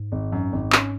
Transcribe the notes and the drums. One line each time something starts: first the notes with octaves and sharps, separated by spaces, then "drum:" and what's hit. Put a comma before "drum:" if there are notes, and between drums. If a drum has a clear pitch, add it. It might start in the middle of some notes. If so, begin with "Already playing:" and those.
Already playing: G#2
G#1
F#2
G#1
C#4, drum: clap